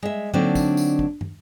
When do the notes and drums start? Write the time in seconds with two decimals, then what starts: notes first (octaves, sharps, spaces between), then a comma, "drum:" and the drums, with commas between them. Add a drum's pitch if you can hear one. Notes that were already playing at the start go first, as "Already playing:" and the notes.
0.03 G#3 E5
0.34 D3 F#3 A#3 C4 D4 D#4, drum: tom G#2
0.55 drum: kick, tambourine
0.77 drum: tambourine
0.99 drum: kick
1.21 drum: tom